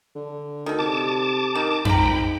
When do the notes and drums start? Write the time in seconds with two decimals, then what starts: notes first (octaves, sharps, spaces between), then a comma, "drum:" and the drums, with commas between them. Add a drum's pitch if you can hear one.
0.15 D3
0.66 D2 D#3 A4
0.79 C3 A5 D6
1.55 D#3
1.85 G#2 F3 G5 A#5 B5, drum: tom F2